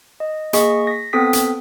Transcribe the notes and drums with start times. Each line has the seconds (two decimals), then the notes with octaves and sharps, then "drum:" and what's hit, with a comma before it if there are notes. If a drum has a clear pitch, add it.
0.20 D#5
0.53 A#3 G#4 D#5 C#6 B6, drum: hi-hat
0.87 A#6 B6
1.13 B3 C4 A4 G5 D#6 B6
1.33 drum: hi-hat